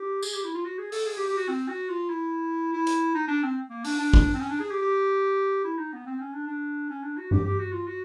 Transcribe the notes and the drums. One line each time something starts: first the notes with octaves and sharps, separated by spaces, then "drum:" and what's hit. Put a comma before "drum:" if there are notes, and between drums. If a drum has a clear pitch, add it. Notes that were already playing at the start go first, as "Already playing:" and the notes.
Already playing: G4
G#4, drum: tambourine
G4
E4
F4
F#4
G#4
A4, drum: open hi-hat
G#4
G4
G4
F#4
C4
F#4
F4
E4
E4
drum: hi-hat
D#4
D4
C4
A#3
D4, drum: open hi-hat
D4
drum: kick
C4
C#4
D4
G#4
G4
G4
E4
D#4
B3
C4
C#4
D4
D4
C#4
D4
F#4
G4, drum: tom G2
G4
F#4
F4
F#4